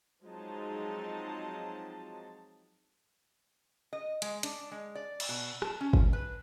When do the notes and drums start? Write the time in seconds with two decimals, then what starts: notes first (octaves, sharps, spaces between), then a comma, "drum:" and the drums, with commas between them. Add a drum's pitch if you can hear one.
0.24 F3 F#3 G#3 C4 D#4 A5
3.93 D#5
4.22 G#3, drum: hi-hat
4.43 D4, drum: hi-hat
4.71 G#3
4.95 D5
5.20 drum: cymbal
5.29 B2
5.62 A5, drum: rim click
5.81 C#4
5.93 drum: kick
6.13 B4